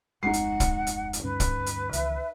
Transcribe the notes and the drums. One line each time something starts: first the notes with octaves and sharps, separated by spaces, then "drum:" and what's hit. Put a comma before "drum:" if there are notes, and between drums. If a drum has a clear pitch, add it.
D1 F2 G#3 D#4 F#5 C7
drum: hi-hat
drum: kick, hi-hat
drum: hi-hat
drum: hi-hat
D2 G2 C#4 B4
drum: kick, hi-hat
drum: hi-hat
C#2 D#3 E3 E5, drum: hi-hat